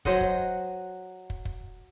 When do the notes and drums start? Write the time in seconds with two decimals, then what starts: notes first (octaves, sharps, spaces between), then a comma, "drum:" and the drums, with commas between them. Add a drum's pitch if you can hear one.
0.05 F#3 C5 D#5 F#5, drum: kick
0.21 drum: kick
1.30 drum: kick
1.45 drum: kick